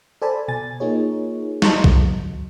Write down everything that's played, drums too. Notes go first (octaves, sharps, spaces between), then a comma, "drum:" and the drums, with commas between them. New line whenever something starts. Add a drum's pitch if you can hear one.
A4 C5 D5 G#5 A5 B5
B2 G#5 A6
A#3 D#4 F4 G#4 C#5
D#5 A5 A#5 C6 C#6, drum: snare
D2 F#3, drum: kick